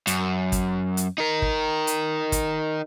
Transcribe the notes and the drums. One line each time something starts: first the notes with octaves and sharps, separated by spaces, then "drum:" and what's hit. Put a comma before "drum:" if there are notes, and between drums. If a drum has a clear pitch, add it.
F#2, drum: hi-hat
drum: kick, hi-hat
drum: hi-hat
D#4 A#4
drum: kick
drum: hi-hat
drum: kick, hi-hat